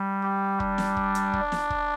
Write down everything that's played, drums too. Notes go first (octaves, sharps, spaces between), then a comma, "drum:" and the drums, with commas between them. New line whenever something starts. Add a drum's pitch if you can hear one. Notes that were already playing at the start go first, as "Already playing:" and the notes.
Already playing: G3
G4
D4, drum: kick
drum: snare
drum: kick
drum: hi-hat
drum: kick
drum: snare
drum: kick